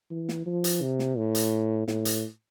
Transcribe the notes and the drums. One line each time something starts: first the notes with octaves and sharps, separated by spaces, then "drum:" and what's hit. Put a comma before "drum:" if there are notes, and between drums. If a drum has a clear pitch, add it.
E3
drum: snare
F3
drum: hi-hat
C3
drum: snare
A2
drum: hi-hat
A2, drum: snare
drum: hi-hat